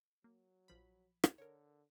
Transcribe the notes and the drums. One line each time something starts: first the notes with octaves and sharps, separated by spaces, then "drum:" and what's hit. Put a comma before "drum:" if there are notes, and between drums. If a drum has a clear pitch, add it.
F#3 A#3
A#1 F3 B5
drum: rim click
D3 A#4 C#5